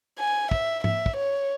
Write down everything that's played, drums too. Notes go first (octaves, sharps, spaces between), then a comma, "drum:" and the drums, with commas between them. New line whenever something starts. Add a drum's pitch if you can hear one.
G#5
E5, drum: kick
E5, drum: tom G#2
drum: kick
C#5